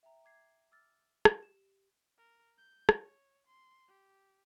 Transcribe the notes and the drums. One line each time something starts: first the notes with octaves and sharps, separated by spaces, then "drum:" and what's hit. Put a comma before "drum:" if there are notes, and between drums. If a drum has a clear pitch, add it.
E5 G5 A#5
D6 G#6 C7
D6 E6 F6 A6
drum: rim click
G4 E7
A#4
G6
drum: rim click
C#5
C6
G4